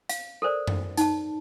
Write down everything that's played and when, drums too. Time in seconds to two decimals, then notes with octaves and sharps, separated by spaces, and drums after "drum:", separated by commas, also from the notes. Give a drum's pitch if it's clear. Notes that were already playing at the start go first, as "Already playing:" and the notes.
0.09 F5, drum: hi-hat
0.42 A4 A#4 C5 D5
0.67 drum: tom F#2
0.97 D#4 A5, drum: hi-hat